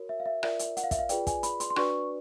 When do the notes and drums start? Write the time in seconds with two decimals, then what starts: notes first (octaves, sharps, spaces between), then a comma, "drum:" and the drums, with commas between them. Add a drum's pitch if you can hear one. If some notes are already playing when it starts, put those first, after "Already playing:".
Already playing: F#4 A#4 C#5
0.09 E5
0.20 F5
0.26 E5
0.43 F4 A#4 D5 E5, drum: rim click
0.59 drum: hi-hat
0.77 F#5, drum: hi-hat
0.84 F5
0.91 E5, drum: kick, hi-hat
0.99 F5
1.09 F4 G#4 B4 D5 G5, drum: hi-hat
1.27 G#5, drum: kick, hi-hat
1.43 B5, drum: hi-hat
1.60 C6, drum: hi-hat
1.70 C6
1.76 D4 F#4 B4 D5 C#6, drum: rim click